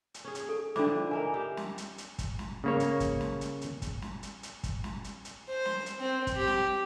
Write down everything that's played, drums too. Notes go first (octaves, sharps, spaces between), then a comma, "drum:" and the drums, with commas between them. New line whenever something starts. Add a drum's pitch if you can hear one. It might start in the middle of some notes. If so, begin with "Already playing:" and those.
drum: hi-hat
C#4 G#4
drum: hi-hat
A4
D3 F3 D4 E4 D6, drum: snare
D#4 A#4 E5 G#5
G4 E5 F5
drum: snare
drum: hi-hat
drum: hi-hat
drum: kick, hi-hat
drum: snare
C#3 A#3 C#5
drum: hi-hat
drum: kick, hi-hat
drum: snare
drum: hi-hat
drum: hi-hat
drum: kick, hi-hat
drum: snare
drum: hi-hat
drum: hi-hat
drum: kick, hi-hat
drum: snare
drum: hi-hat
drum: hi-hat
C5
drum: snare
drum: hi-hat
C4
drum: kick, hi-hat
G4
drum: snare